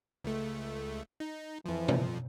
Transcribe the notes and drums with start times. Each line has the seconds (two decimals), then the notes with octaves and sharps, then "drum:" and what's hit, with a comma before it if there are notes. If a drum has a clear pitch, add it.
0.24 C#2 A3
1.20 D#4
1.66 F2 E3 F3
1.88 drum: tom B2